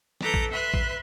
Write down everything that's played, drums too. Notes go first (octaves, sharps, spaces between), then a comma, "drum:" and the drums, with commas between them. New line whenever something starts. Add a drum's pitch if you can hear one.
A4 B4 A#5 D6 G6, drum: snare
drum: kick A1
B4 E5 C6 F#6
drum: kick A1